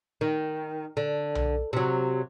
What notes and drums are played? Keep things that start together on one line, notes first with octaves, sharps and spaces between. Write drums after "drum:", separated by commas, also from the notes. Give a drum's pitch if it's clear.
D#3
D3
drum: tom B1
C3 F#3